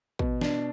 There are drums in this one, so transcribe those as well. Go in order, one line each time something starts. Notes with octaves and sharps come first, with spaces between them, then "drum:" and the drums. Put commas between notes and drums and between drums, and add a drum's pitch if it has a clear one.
B2, drum: kick
D4, drum: snare